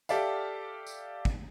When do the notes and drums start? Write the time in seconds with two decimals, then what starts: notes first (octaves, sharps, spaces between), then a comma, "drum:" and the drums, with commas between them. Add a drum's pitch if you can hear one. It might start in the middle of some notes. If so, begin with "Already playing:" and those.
0.09 G4 A4 D5 E5 F5, drum: tambourine
0.87 drum: tambourine
1.25 drum: kick